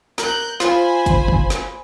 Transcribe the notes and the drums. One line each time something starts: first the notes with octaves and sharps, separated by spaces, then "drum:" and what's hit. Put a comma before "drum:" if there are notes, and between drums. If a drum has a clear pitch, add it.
A#4 F#6 G6, drum: snare
F4 C5 G#5 B5, drum: snare
drum: kick, hi-hat
drum: kick
drum: snare